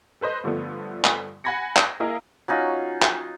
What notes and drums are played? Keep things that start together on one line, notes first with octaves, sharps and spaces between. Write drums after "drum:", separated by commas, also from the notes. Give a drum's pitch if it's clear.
A4 B4 C5 D#5
G2 D3 F3 A3 B3
drum: clap
F#5 G#5 B5 G#6 A#6 C#7
drum: clap
A#3 E4 G#4 A#4 D#5 F5
F#3 C#4 D#4 F4
drum: clap